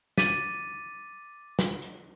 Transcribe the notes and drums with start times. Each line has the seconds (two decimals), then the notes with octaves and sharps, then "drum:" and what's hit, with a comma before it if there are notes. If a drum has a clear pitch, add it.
0.18 D6 A6 B6 D#7, drum: snare
1.59 drum: snare
1.82 drum: hi-hat